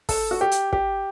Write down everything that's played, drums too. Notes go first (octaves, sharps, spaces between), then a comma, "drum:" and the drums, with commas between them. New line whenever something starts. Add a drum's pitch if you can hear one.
A4, drum: kick, open hi-hat
F#4
G4
drum: hi-hat
G4, drum: kick